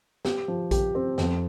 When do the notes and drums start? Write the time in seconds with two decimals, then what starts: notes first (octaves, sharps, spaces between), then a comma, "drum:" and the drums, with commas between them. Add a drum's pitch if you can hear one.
0.25 G4, drum: snare
0.48 F3
0.71 G4, drum: kick A#1, hi-hat
0.95 C4
1.18 F2, drum: snare